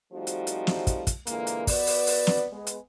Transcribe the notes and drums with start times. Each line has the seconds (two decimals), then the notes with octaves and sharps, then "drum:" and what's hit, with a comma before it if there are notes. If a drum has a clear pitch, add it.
0.13 F3 G3 A3 C4 D#4 F#4
0.27 drum: hi-hat
0.47 drum: hi-hat
0.67 drum: snare
0.87 drum: kick, hi-hat
1.07 drum: kick, hi-hat
1.27 A#2 D3 E3 G#3 A#3, drum: hi-hat
1.47 drum: hi-hat
1.67 B3 F#4 B4 D5, drum: kick, open hi-hat
1.87 drum: open hi-hat
2.07 drum: open hi-hat
2.27 drum: snare
2.51 G#3 B3
2.67 drum: hi-hat